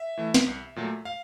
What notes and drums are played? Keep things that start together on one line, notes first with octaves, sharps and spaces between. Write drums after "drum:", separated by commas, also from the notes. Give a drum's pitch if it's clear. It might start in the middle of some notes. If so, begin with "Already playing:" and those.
Already playing: E5
E3 A3
drum: snare
C2
A#2 F#3 A3
F5